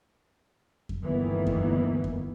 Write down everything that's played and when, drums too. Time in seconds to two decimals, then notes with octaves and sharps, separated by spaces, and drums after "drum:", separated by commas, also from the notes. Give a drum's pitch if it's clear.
0.89 drum: kick F2
1.04 G1 D2 D#3 E3 A#3 B3
1.47 drum: kick F2
2.04 drum: kick F2